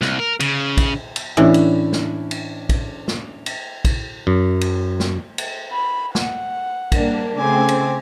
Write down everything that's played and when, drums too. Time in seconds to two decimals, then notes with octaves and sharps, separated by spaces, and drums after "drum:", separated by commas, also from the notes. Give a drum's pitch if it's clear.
0.01 C2, drum: snare
0.19 A#4
0.40 C#3, drum: cymbal
0.77 drum: kick, cymbal
1.16 drum: cymbal
1.37 A2 E3 C#4 D4 E4
1.54 drum: cymbal
1.93 drum: snare
2.31 drum: cymbal
2.69 drum: kick, cymbal
3.08 drum: snare
3.46 drum: cymbal
3.85 drum: kick, cymbal
4.27 F#2
4.61 drum: cymbal
5.00 drum: snare
5.38 drum: cymbal
5.72 B5
6.15 F#5, drum: snare
6.92 G3 A#3 D4, drum: kick, cymbal
7.39 C#3 A3 C4 G#5 D6
7.69 drum: cymbal